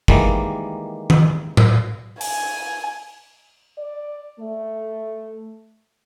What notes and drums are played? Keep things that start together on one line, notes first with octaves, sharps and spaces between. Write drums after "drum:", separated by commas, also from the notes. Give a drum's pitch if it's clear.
D#3 E3 G3 G#3 A#3, drum: kick
drum: tom D#3
drum: tom A2
G#5, drum: open hi-hat
D5
A3